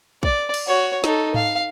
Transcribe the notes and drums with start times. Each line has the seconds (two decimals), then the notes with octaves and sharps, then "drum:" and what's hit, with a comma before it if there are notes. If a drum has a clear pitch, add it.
0.23 D5, drum: kick
0.54 drum: cymbal
0.67 F#4 C#5
1.04 D#4 A4, drum: snare
1.34 F5, drum: tom G#2